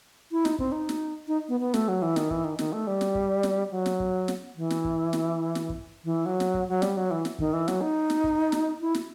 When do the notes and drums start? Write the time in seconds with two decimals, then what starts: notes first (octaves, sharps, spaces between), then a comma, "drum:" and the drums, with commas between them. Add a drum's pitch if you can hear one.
0.32 E4
0.45 D#4, drum: snare
0.59 C4, drum: kick
0.72 D#4
0.89 drum: snare
1.28 D#4
1.48 B3
1.60 B3
1.74 A3, drum: snare
1.88 F#3
2.02 E3
2.16 D#3, drum: snare
2.31 E3, drum: kick
2.44 D#3
2.59 D#3, drum: snare
2.73 A3
2.87 G3
3.01 drum: snare
3.15 drum: kick
3.43 drum: snare
3.71 F#3
3.86 drum: snare
4.00 drum: kick
4.28 drum: snare
4.56 E3
4.70 drum: snare
4.85 drum: kick
5.13 drum: snare
5.55 drum: snare
5.69 drum: kick
6.05 E3
6.26 F#3
6.40 drum: snare
6.54 drum: kick
6.69 F#3
6.82 G3, drum: snare
6.97 F#3
7.11 E3
7.25 drum: snare
7.39 D#3, drum: kick
7.53 E3
7.68 F#3, drum: snare
7.81 D#4
8.10 drum: snare
8.24 drum: kick
8.52 drum: snare
8.81 E4
8.95 drum: snare